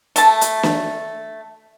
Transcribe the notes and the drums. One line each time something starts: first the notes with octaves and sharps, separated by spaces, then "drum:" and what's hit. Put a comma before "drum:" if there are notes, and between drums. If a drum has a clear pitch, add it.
A3 A5, drum: hi-hat
drum: hi-hat
drum: snare